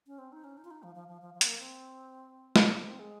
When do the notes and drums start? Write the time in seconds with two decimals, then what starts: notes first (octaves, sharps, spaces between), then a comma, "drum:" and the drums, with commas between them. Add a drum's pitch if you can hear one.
0.07 C#4
0.19 C4
0.32 D#4
0.44 C#4
0.58 D#4
0.65 F4
0.71 D#4
0.83 F3
0.95 F3
1.08 F3
1.21 F3
1.34 F3
1.41 C4, drum: hi-hat
1.46 A#3
1.59 C4
2.56 drum: snare
2.74 A#3
2.87 C4
2.99 G#3